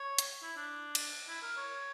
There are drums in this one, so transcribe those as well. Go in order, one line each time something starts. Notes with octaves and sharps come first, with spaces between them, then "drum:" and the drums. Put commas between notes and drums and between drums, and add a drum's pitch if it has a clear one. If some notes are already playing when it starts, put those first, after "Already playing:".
Already playing: C#5
drum: hi-hat
E4
D4
drum: cymbal
E4
A#4
C#5